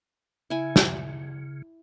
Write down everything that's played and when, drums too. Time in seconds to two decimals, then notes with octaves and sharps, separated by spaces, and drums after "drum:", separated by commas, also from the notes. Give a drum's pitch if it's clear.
0.50 C#3 E4 G#5
0.76 drum: snare